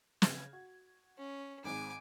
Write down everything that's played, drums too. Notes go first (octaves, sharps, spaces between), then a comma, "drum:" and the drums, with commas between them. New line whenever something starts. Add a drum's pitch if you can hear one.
C#3 G#6, drum: snare
F#4
C#4
G#1 G#2 G#5 D6